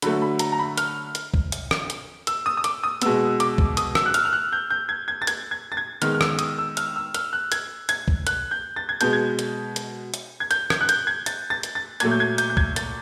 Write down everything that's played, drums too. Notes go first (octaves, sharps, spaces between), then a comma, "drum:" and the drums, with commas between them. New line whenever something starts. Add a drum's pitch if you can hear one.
D3 F#3 A3 B5, drum: hi-hat
B5
A#5, drum: hi-hat
A#5
B5
F6, drum: hi-hat
drum: hi-hat
drum: kick
drum: hi-hat
drum: rim click
drum: hi-hat
E6, drum: hi-hat
D#6
D#6
D6, drum: hi-hat
D#6
B2 G#3 B3 E6, drum: hi-hat
D6, drum: hi-hat
drum: kick
D#6, drum: hi-hat
E6, drum: rim click
F#6
F6, drum: hi-hat
F6
F#6
G6
G6
G#6
G#6
A6
G#6, drum: hi-hat
G#6
A6
G#6
D#3 G#3 B3 F6, drum: hi-hat
F6
E6, drum: rim click
D#6, drum: hi-hat
E6
F6, drum: hi-hat
E6
F6, drum: hi-hat
F#6
G#6, drum: hi-hat
G#6, drum: hi-hat
drum: kick
F#6, drum: hi-hat
G6
A6
G#6
B2 G#3 B3 G6, drum: hi-hat
G#6
drum: hi-hat
drum: hi-hat
drum: hi-hat
G#6
G6, drum: hi-hat
G#6, drum: rim click
F#6
G6, drum: hi-hat
G#6
A6, drum: hi-hat
A6
drum: hi-hat
A6
A#2 F#3 A3 G#6, drum: hi-hat
G6
G#6
G6, drum: hi-hat
G6
G#6, drum: kick
A6, drum: hi-hat